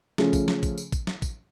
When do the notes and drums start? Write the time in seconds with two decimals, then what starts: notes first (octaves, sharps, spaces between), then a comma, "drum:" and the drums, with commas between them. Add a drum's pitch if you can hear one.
0.18 C#3 F3 A3 C#4, drum: snare
0.33 drum: kick, tambourine
0.48 drum: snare
0.63 drum: kick, tambourine
0.78 drum: tambourine
0.92 drum: kick, tambourine
1.07 drum: snare
1.22 drum: kick, tambourine